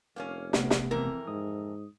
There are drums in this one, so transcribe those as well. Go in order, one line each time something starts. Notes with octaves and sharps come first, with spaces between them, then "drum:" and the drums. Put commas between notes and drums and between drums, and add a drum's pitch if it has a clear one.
F1 A#3 C4 C#4
C3 A3 B3, drum: snare
drum: snare
F2 E3 C4 A#4
G#2 D#6